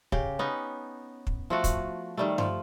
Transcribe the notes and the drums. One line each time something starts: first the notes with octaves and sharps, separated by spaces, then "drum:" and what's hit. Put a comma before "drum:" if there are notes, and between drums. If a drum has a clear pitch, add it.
C#3 G4, drum: kick
B3 C#4 D#4
drum: kick
F3 A3 F#4
drum: kick, hi-hat
D#3 G3 A3
F3, drum: tom G2